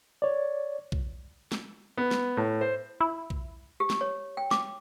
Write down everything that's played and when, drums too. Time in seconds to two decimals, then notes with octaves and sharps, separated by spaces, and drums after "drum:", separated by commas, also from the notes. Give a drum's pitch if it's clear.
0.22 C#5 D5
0.92 drum: kick B1
1.52 drum: snare
1.98 B3
2.11 drum: snare
2.37 A2
2.61 C5
3.01 E4
3.30 drum: kick B1
3.80 G4
3.90 drum: snare
4.01 C#5
4.37 G5
4.51 D6, drum: snare